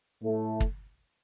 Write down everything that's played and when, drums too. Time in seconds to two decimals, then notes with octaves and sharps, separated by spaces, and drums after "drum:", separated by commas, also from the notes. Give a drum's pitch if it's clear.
0.22 A2 A3
0.60 drum: kick